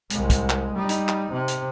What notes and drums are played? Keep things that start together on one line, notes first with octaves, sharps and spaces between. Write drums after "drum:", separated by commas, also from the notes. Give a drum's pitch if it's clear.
C2 G#3, drum: hi-hat
drum: kick, hi-hat
drum: clap
G3 D#4
drum: hi-hat
drum: clap
C3
drum: hi-hat